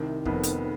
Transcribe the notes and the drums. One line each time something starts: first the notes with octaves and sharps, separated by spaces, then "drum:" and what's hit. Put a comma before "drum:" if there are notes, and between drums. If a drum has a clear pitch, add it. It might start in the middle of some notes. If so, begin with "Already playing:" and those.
Already playing: C2 C3 D#3
F1 F2 D#3 B3, drum: kick
drum: hi-hat